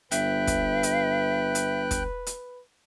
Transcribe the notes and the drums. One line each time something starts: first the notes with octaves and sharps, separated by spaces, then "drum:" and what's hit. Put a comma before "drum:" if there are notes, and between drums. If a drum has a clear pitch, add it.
G1 B4 E5 G5 F#6, drum: hi-hat
drum: kick, hi-hat
drum: hi-hat
drum: hi-hat
drum: kick, hi-hat
drum: hi-hat